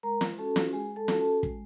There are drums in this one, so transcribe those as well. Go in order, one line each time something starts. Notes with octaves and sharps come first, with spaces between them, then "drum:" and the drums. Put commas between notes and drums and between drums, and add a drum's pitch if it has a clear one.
G#3 A#4 A#5
drum: snare
C#4 F#4 A4 A5
drum: snare
G#3 G#4 G#5
A4 A5
C#4 F#4, drum: snare
A4 A5
G#3, drum: kick